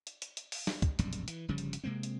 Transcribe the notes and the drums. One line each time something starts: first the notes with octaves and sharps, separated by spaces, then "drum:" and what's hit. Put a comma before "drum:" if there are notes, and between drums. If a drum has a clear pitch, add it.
drum: hi-hat
drum: hi-hat
drum: hi-hat
drum: open hi-hat
drum: snare
drum: kick, hi-hat
E1 A#1 F#2 G3, drum: hi-hat
drum: hi-hat
E3, drum: hi-hat
G1 C#3 F3 G3
drum: hi-hat
drum: hi-hat
C3 G#3 A#3 C4
drum: hi-hat